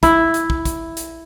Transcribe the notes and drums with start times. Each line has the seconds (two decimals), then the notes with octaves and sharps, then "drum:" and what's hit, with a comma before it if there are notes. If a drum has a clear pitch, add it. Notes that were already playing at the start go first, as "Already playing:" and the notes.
0.03 E4, drum: kick, hi-hat
0.34 drum: hi-hat
0.50 drum: kick
0.65 drum: kick, hi-hat
0.97 drum: hi-hat